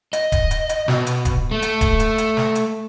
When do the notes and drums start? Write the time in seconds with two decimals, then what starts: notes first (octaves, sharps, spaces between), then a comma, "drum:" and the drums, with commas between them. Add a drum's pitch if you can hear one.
0.13 D#5, drum: hi-hat
0.32 drum: kick D1, hi-hat
0.51 drum: hi-hat
0.69 drum: hi-hat
0.88 B2, drum: snare
1.07 drum: hi-hat
1.25 drum: kick D1, hi-hat
1.51 A3
1.62 drum: hi-hat
1.81 drum: kick D1, hi-hat
2.00 drum: hi-hat
2.18 drum: hi-hat
2.37 drum: snare
2.55 drum: hi-hat